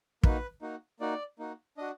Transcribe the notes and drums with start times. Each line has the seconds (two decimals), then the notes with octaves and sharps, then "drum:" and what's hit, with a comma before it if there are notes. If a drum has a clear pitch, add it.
0.23 A#3 D#4 F#4 B4, drum: kick
0.62 A#3 D#4 F#4
1.00 A#3 D#4 F#4 D5
1.39 A#3 D#4 F#4
1.77 D4 F#4 D#5